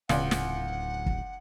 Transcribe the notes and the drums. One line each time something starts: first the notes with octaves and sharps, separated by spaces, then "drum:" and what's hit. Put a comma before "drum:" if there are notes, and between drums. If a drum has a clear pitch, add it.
D1 C#2 F#5, drum: snare
drum: snare
drum: kick